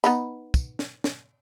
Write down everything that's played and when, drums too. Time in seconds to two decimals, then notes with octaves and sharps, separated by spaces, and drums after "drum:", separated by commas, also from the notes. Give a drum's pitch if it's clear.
0.04 B3 D#4 B5, drum: tambourine
0.54 drum: kick, tambourine
0.79 drum: snare
1.04 drum: snare